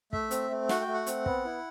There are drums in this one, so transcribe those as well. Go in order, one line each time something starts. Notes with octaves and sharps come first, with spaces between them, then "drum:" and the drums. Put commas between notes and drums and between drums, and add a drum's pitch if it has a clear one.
A3 E5, drum: kick
C4, drum: hi-hat
A3
F#4 F#5, drum: snare
G5
A3
F#5
C4, drum: hi-hat
B3, drum: kick
E4